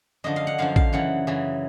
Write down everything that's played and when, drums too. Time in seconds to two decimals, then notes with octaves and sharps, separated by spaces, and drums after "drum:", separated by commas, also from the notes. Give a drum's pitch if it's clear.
0.24 F#2 D3 F3 D#5
0.36 F5
0.47 F#5
0.58 F#2 D3 F3 F5
0.76 F5, drum: kick
0.93 F#2 C#3 E3 F#5
1.27 F#2 C#3 E3